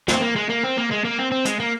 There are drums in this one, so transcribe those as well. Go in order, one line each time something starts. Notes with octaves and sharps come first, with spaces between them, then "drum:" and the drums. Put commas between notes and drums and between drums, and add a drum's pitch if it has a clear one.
C4, drum: snare
A#3
G#3
A#3
C4
A#3
G#3
A#3
C4
C4
G#3, drum: hi-hat
A#3